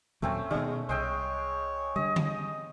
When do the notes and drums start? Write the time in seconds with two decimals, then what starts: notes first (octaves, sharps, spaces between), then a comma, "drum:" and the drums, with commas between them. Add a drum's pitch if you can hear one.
0.22 D#2 A#2 F#3 A3 C4 C#4
0.51 B2 D#3 G#3 C#4
0.89 C2 G#3 C#5 G5 E6
1.96 D3 G3 D#5
2.16 drum: tom D3